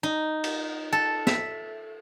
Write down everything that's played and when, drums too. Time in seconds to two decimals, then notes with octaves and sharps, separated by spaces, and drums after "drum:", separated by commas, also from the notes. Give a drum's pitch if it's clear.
0.03 D#4
0.44 drum: cymbal
0.93 A4
1.27 E5, drum: snare